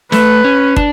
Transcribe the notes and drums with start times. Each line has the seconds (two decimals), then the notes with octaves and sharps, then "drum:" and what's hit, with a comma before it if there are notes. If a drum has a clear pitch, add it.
0.12 A3 B4, drum: snare
0.44 C#4
0.76 D4, drum: kick